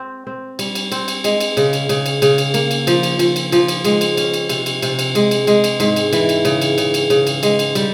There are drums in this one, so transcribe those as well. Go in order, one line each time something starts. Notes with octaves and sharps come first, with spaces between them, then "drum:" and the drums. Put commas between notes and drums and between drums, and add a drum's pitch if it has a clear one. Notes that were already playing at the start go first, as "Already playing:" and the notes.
Already playing: C4
C4
G3, drum: cymbal
drum: cymbal
C4, drum: cymbal
drum: cymbal
G#3, drum: cymbal
drum: cymbal
C#3, drum: cymbal
drum: cymbal
C#3, drum: cymbal
drum: cymbal
C#3, drum: cymbal
drum: cymbal
A#3, drum: cymbal
drum: cymbal
F3, drum: cymbal
drum: cymbal
F3, drum: cymbal
drum: cymbal
F3, drum: cymbal
drum: cymbal
G#3, drum: cymbal
drum: cymbal
C#4, drum: cymbal
drum: cymbal
C3, drum: cymbal
drum: cymbal
C3, drum: cymbal
drum: cymbal
G#3, drum: cymbal
drum: cymbal
G#3, drum: cymbal
drum: cymbal
G#2, drum: cymbal
drum: cymbal
E3, drum: cymbal
drum: cymbal
C#3, drum: cymbal
drum: cymbal
C#3, drum: cymbal
drum: cymbal
C#3, drum: cymbal
drum: cymbal
G#3, drum: cymbal
drum: cymbal
G3, drum: cymbal